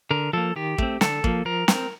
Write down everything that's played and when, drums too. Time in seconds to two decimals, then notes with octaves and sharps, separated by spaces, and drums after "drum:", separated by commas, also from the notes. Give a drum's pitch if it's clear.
0.11 D3 A#4
0.33 F3 A#3 A4
0.56 D#3 G4
0.78 A3 C4, drum: kick
1.01 D3 A4, drum: snare
1.24 F3 A#3, drum: kick
1.45 F3 A#4
1.68 C4, drum: snare